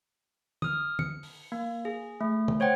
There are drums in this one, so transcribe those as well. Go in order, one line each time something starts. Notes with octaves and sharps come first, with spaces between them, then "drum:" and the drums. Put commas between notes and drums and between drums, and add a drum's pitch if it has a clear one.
D#6 F6, drum: tom
C#7, drum: tom
drum: open hi-hat
A#3
G#4
A3
drum: tom
C5 C#5 F#5 G5